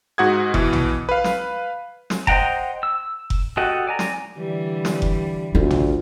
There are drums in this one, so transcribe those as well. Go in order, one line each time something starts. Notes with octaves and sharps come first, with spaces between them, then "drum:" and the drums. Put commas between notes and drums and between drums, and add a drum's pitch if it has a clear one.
G#2 F#4 F#5 D#6 G#6
B2 E3, drum: kick F1
drum: tom
B4 F5
drum: snare
drum: snare
C5 D#5 F#5 G5 A#5, drum: kick F1
E6
drum: kick F1
F#4 G4 A4 D#5 F#5
D5 G#5 A#5
drum: snare
D3 E3 G3
drum: snare
drum: kick F1
D2 F4
drum: tom